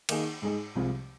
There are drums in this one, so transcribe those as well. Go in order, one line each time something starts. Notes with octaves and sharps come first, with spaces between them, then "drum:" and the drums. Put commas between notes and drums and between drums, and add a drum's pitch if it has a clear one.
D#3 A#3 D#4 G#4, drum: cymbal
G#2 G#3 D#4 G#4
C2 C3 F3 G#3 C4